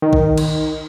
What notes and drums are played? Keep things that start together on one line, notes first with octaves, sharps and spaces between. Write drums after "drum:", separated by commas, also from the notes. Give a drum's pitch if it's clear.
D#3
drum: kick A#1
drum: cymbal